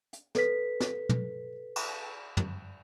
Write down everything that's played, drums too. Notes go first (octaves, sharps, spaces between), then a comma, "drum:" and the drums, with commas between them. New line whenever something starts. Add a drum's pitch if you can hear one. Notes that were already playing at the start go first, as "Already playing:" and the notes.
drum: hi-hat
A4 B4 B6, drum: snare
drum: snare
drum: tom
drum: cymbal
drum: tom